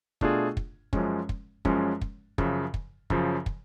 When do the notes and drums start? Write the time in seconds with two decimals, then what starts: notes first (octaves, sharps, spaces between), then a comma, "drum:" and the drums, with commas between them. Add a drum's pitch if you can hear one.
0.21 B2 A3 D4 F4 G#4, drum: kick
0.57 drum: kick
0.93 F#2 F3 G#3 C#4, drum: kick
1.29 drum: kick
1.65 F#2 F3 G#3 C#4, drum: kick
2.01 drum: kick
2.38 F#2 C#3 F3, drum: kick
2.74 drum: kick
3.10 F#2 C#3 F3, drum: kick
3.46 drum: kick